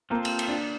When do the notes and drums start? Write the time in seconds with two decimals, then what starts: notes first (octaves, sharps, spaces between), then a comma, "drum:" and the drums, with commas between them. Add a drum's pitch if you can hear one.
0.10 A#3 C4 F4 A4 C5
0.25 drum: cymbal
0.39 drum: cymbal
0.48 D4